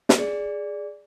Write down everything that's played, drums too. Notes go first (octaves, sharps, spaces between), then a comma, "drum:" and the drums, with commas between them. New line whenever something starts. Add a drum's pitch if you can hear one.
drum: snare
G#4 D5